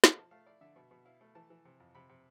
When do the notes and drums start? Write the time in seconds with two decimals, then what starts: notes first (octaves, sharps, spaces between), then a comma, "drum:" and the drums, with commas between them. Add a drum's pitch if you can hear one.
0.04 drum: snare
0.17 F3 A5
0.31 A3 F5
0.46 E4 D5
0.61 D3 E5
0.76 B2
0.91 B2
1.05 E4 F5
1.21 A3
1.35 E3 A5
1.50 E3
1.65 C3
1.80 F2
1.95 C3 B5
2.09 C3